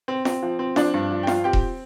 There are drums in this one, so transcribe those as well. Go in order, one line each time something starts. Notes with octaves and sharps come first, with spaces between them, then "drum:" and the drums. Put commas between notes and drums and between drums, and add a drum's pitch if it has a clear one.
C4
C4, drum: snare
F3
C4
F3 D4 D5, drum: snare
G2
F3
G5
F3 F4 F5, drum: snare
C4 G4 G5
drum: kick E1